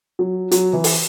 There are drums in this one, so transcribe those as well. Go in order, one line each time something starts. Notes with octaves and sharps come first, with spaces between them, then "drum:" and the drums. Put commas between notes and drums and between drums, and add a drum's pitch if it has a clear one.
F#3
F#3, drum: hi-hat
E3
drum: open hi-hat